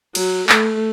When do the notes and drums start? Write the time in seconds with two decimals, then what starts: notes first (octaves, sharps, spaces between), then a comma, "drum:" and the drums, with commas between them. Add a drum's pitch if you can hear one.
0.15 F#3, drum: cymbal
0.49 A3, drum: clap